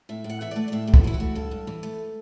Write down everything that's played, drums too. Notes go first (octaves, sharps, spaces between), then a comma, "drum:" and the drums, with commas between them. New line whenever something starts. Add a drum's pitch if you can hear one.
A2 E5
A2
F#5
E3 E5
A3 D5
D5
A2 E5
A2 G4
F#4, drum: kick C#2
E3 E4
F#4
A3
G2 A4
G2
E3
A3